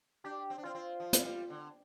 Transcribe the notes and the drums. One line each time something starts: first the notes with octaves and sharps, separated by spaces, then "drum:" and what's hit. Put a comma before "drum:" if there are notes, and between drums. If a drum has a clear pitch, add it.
D4 G4
C4
D4
C4 F4
C4
F3
drum: hi-hat
G3
D3